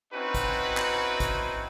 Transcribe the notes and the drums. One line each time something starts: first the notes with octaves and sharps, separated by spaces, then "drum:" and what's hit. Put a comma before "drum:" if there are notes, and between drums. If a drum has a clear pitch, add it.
C4 C#4 D#4 E4 F#4 B4
drum: kick A1, hi-hat
drum: clap
drum: kick A1, hi-hat